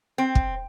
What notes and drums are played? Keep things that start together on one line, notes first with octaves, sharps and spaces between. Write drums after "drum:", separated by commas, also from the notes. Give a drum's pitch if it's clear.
C4
drum: kick